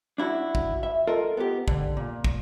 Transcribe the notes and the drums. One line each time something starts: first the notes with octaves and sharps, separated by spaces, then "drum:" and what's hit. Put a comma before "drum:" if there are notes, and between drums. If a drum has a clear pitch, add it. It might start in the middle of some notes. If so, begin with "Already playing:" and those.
D4 E4 F#4
drum: kick
E5
F4 A4 A#4 D#5
B3 G4
D3, drum: kick
A#2
drum: kick